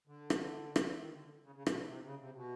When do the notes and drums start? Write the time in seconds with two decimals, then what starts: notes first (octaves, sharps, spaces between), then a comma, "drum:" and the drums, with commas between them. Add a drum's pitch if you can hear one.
0.07 D3
0.30 drum: rim click
0.76 drum: rim click
0.99 D#3
1.13 D3
1.44 C#3
1.55 C#3
1.66 B2, drum: rim click
1.78 C3
1.89 C3
2.05 C#3
2.20 C3
2.36 B2